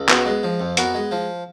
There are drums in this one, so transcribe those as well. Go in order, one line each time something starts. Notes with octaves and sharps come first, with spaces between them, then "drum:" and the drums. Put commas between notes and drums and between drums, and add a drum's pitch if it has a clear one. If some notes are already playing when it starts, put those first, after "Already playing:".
Already playing: C#2
B3 F#4 A#4, drum: clap
G#3
F3
F2
B3 F#4 A#4, drum: hi-hat
G#3
F3